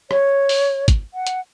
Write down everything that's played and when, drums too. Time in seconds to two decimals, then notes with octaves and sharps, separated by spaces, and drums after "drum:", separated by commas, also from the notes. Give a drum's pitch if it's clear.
0.11 C#5, drum: rim click
0.49 drum: open hi-hat
0.88 drum: kick, hi-hat
1.14 F#5
1.27 drum: hi-hat